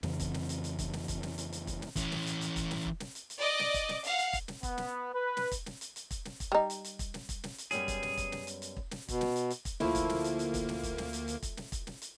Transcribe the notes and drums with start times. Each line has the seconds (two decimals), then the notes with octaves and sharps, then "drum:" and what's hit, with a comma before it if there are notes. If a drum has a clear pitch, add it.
0.03 F2 C#3 E3 C4, drum: snare
0.20 drum: kick, hi-hat
0.34 drum: snare
0.49 drum: hi-hat
0.64 drum: hi-hat
0.79 drum: kick, hi-hat
0.93 drum: snare
1.08 drum: kick, hi-hat
1.23 drum: snare
1.38 drum: hi-hat
1.53 drum: hi-hat
1.67 drum: kick, hi-hat
1.82 drum: snare
1.96 E3 C#4, drum: kick, hi-hat
2.12 drum: snare
2.26 drum: hi-hat
2.41 drum: hi-hat
2.56 drum: kick, hi-hat
2.71 drum: snare
2.85 drum: kick
3.00 drum: snare
3.15 drum: hi-hat
3.30 drum: hi-hat
3.41 D5 D#5 D6
3.59 drum: snare
3.74 drum: kick, hi-hat
3.89 drum: snare
4.04 F5 F#5, drum: hi-hat
4.18 drum: hi-hat
4.33 drum: kick, hi-hat
4.48 drum: snare
4.63 B3, drum: kick, hi-hat
4.78 drum: snare
5.15 B4
5.37 drum: snare
5.51 drum: kick, hi-hat
5.66 drum: snare
5.81 drum: hi-hat
5.96 drum: hi-hat
6.11 drum: kick, hi-hat
6.25 drum: snare
6.40 drum: kick, hi-hat
6.52 G3 D#4
6.70 drum: hi-hat
6.84 drum: hi-hat
6.99 drum: kick, hi-hat
7.14 drum: snare
7.29 drum: kick, hi-hat
7.44 drum: snare
7.58 drum: hi-hat
7.71 F#2 G3 B3 G#4, drum: hi-hat
7.88 drum: kick, hi-hat
8.03 drum: snare
8.17 drum: kick, hi-hat
8.32 drum: snare
8.47 drum: hi-hat
8.62 drum: hi-hat
8.77 drum: kick
8.91 drum: snare
9.08 B2, drum: kick, hi-hat
9.21 drum: snare
9.36 drum: hi-hat
9.50 drum: hi-hat
9.65 drum: kick, hi-hat
9.80 D2 F3 A3 A#3 E4, drum: snare
9.95 drum: kick, hi-hat
10.10 drum: snare
10.24 drum: hi-hat
10.39 drum: hi-hat
10.54 drum: kick, hi-hat
10.69 drum: snare
10.83 drum: kick, hi-hat
10.98 drum: snare
11.13 drum: hi-hat
11.28 drum: hi-hat
11.42 drum: kick, hi-hat
11.57 drum: snare
11.72 drum: kick, hi-hat
11.87 drum: snare
12.02 drum: hi-hat